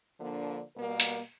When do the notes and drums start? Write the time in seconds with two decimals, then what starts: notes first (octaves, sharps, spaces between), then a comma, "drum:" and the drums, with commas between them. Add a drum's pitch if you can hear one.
0.20 D3 F3 A#3 D4
0.76 B2 G3 A#3 A#4
1.00 drum: hi-hat